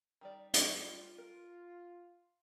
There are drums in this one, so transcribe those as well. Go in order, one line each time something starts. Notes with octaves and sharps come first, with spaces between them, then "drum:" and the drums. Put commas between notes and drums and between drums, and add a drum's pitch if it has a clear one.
D#3 G3 D5
F#3, drum: hi-hat
G3 F4 D5
A#4